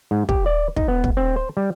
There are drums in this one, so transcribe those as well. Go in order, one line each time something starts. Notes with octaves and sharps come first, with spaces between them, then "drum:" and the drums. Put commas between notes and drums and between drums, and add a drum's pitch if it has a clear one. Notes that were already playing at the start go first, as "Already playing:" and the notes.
G#2
G4, drum: kick
D5
D#4, drum: kick
B3
drum: kick
C4
C5
G3